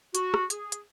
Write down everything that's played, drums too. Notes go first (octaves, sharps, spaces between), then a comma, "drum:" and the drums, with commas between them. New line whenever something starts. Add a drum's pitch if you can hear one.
F#4, drum: hi-hat
drum: rim click
G#4, drum: hi-hat
drum: hi-hat